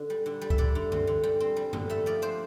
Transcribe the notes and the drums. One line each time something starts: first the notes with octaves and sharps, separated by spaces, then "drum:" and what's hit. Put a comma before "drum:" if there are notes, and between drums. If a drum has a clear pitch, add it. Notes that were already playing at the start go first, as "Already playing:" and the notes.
Already playing: D3
G3
D3
G3
E5, drum: kick C#2
D3 D5
D3
C4, drum: tom G2
D3
G3
C4
G3
D3, drum: tom G2
A3 E5
F3 D5
D4 C5